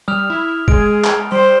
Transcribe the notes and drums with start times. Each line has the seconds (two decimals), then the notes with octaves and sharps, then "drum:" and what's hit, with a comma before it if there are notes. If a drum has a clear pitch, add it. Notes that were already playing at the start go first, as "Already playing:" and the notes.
0.08 G3 D#6 F6 F7
0.30 E4
0.68 G#3 G#4 D7, drum: kick
1.04 drum: clap
1.32 G3 C5 C6 D7